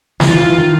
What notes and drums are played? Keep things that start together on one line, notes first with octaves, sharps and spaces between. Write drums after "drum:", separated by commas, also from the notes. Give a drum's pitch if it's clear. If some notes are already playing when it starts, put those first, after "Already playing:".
F3, drum: snare
E3 F4
E3
D#3